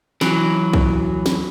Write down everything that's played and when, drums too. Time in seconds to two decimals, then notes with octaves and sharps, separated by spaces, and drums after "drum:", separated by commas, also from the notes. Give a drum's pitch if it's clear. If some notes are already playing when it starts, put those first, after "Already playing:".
0.21 E3 F#3, drum: snare
0.73 drum: kick
1.26 drum: snare